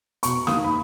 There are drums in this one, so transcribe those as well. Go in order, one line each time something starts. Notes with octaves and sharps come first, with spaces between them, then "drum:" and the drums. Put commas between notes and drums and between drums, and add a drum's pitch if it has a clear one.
B2 C#6, drum: hi-hat
A#3 D#4 D#6, drum: snare
B5